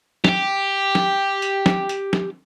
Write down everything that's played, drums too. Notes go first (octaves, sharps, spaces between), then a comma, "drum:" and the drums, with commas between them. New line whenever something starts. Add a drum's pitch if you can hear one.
G4 G5, drum: snare
drum: snare
drum: hi-hat
drum: snare
drum: hi-hat
drum: snare